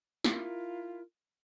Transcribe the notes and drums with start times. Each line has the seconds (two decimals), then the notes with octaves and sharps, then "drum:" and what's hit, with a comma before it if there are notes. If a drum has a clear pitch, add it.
0.24 E4 F4 A#4, drum: snare